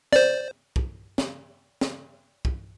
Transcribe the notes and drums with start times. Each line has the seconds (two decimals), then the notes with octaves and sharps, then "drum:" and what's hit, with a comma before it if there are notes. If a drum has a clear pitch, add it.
0.13 C5 D5, drum: snare
0.76 drum: kick
1.18 drum: snare
1.81 drum: snare
2.45 drum: kick